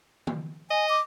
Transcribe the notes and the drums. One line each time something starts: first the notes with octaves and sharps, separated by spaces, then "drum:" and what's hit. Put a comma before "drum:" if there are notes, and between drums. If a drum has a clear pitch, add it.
drum: tom D#3
D#5 G#5
D6